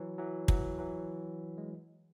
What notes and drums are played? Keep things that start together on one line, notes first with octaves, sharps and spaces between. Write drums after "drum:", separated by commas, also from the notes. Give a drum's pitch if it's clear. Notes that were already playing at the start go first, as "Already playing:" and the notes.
Already playing: E3 F#3
E3 F#3
E3 F#3, drum: kick
E3 F#3
G#3